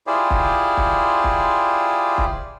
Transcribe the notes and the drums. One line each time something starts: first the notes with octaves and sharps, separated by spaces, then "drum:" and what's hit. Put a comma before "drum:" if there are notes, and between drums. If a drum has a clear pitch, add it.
E4 F4 G4 G#4 C5 D5
drum: kick
drum: kick
drum: kick
drum: kick